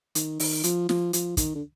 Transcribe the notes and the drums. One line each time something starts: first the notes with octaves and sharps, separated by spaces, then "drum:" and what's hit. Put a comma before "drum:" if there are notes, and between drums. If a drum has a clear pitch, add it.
D#3, drum: hi-hat
D#3, drum: open hi-hat
F3, drum: hi-hat
F3, drum: snare
F3, drum: hi-hat
D#3, drum: kick, hi-hat
D3